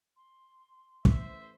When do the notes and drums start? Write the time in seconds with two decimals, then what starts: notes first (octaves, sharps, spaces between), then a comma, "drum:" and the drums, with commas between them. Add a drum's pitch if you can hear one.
0.16 C6
1.05 A1 E3 C5 E5, drum: kick